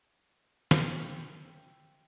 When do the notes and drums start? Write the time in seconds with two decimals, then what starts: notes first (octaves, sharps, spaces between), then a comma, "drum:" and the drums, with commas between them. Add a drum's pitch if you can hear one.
0.71 E5 G5, drum: snare